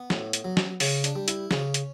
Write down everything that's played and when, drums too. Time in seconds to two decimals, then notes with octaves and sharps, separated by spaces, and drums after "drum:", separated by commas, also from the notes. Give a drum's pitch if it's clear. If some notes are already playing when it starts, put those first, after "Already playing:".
Already playing: B3
0.10 A2, drum: snare
0.33 drum: hi-hat
0.44 F#3
0.57 drum: snare
0.80 C#3 C#4, drum: open hi-hat
1.04 D4, drum: hi-hat
1.16 G3
1.28 E4, drum: hi-hat
1.51 C#3 C#4, drum: snare
1.74 drum: hi-hat